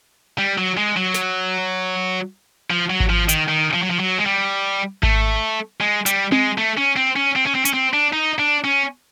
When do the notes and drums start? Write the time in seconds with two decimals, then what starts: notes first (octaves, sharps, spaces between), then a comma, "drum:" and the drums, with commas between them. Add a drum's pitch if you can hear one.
0.38 G3
0.58 F#3
0.77 G#3
0.97 F#3
1.14 drum: snare
2.70 F3
2.90 F#3
3.00 drum: kick G#1
3.10 F3
3.29 D#3, drum: hi-hat
3.48 D#3
3.74 F3
3.82 F#3
3.91 F3
4.00 F#3
4.18 G#3
4.26 G3
5.03 A3, drum: kick G#1
5.81 G#3
6.06 G3, drum: hi-hat
6.32 G#3, drum: tom C4
6.58 A3
6.77 C#4
6.97 C4
7.16 C#4
7.36 C4
7.46 C#4
7.55 C4
7.65 C#4, drum: hi-hat
7.74 C4
7.94 D4
8.13 D#4
8.39 D4
8.64 C#4